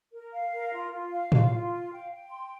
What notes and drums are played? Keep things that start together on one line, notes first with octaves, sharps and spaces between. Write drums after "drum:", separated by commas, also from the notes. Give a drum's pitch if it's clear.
A#4
F5
A#4
F4
F4
F5
F4, drum: tom A2
F4
F5
G5
G5
C6